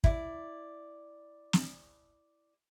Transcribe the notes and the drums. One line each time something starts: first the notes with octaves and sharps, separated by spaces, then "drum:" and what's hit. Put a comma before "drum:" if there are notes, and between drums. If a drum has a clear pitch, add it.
E4 D5, drum: kick
drum: snare